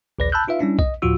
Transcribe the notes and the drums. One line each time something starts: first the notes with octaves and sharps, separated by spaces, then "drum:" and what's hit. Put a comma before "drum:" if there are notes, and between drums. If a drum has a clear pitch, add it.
A#1 D#2 B4 D5 A#6
A5 B5 E6 F#6 G6
D#4 F4 B4 E5 F5
G3 C#4 D4 E4
D#5, drum: kick
D2 A2 F3 F4 F#4 E6